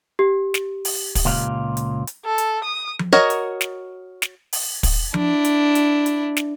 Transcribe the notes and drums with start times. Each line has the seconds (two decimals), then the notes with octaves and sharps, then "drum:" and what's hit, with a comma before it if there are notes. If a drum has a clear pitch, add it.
0.19 G4
0.54 drum: snare
0.85 drum: open hi-hat
1.15 drum: kick, open hi-hat
1.25 C#2 A#2 F5
1.77 drum: hi-hat
2.07 drum: hi-hat
2.25 A4
2.38 drum: hi-hat
2.64 D#6
2.99 drum: tom F3
3.13 F#4 A#4 C#5 D#5
3.30 drum: hi-hat
3.61 drum: snare
4.22 drum: snare
4.53 drum: open hi-hat
4.83 drum: kick, open hi-hat
5.14 D4 E4, drum: tom F3
5.45 drum: hi-hat
5.75 drum: hi-hat
6.06 drum: hi-hat
6.37 drum: snare